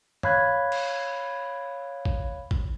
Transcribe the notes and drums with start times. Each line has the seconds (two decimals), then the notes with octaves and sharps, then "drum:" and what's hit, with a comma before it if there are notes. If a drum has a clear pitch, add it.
0.23 C#5 F5 B5 F#6 G#6, drum: tom
0.72 drum: cymbal
2.05 drum: kick
2.51 drum: kick